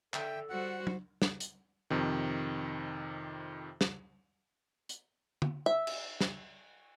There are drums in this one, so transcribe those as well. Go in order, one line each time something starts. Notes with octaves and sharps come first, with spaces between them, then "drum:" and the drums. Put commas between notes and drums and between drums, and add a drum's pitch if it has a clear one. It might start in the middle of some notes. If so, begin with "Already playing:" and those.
D3 A4 E5 G5, drum: clap
G3 F#4 C5 F#5
drum: tom
drum: snare
drum: hi-hat
F2 C3 D#3
drum: snare
drum: hi-hat
drum: tom
E5
drum: cymbal
drum: snare